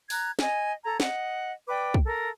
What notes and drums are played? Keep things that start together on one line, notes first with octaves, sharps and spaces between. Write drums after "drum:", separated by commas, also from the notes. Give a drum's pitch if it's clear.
A#5 F#6 G#6, drum: open hi-hat
D#5 G#5, drum: snare
A4 A#5 G#6
D#5 F#5, drum: snare
B4 D5 G5 D6
drum: kick
A4 A#4